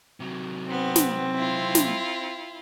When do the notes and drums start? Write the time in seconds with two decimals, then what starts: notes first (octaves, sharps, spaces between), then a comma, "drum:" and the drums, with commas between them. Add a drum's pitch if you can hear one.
0.20 C3 F#3
0.70 B3 C4
0.96 drum: snare
1.35 E4 F4
1.75 drum: snare